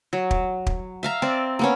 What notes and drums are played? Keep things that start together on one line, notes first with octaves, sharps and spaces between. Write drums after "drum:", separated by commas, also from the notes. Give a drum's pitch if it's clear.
F#3
drum: kick
drum: kick
E5 F5 A#5
C4 D5
A#3 B3 C#4